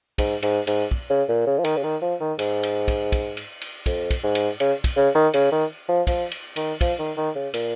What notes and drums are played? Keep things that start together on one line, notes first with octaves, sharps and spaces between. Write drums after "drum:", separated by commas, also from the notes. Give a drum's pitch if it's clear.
G#2, drum: kick, cymbal
G#2, drum: cymbal
G#2, drum: cymbal
drum: kick
C#3
A#2
C#3
F3
D#3, drum: cymbal
C#3
D#3
F3
D#3
G#2, drum: cymbal
drum: cymbal
drum: kick, cymbal
drum: kick, cymbal
drum: cymbal
drum: cymbal
F2, drum: kick, cymbal
drum: kick, cymbal
G#2
drum: cymbal
C#3, drum: cymbal
drum: kick, cymbal
C#3
D#3
C#3, drum: cymbal
D#3
F3
F3, drum: kick, cymbal
drum: cymbal
D#3, drum: cymbal
F3, drum: kick, cymbal
D#3
D#3
C#3
A#2, drum: cymbal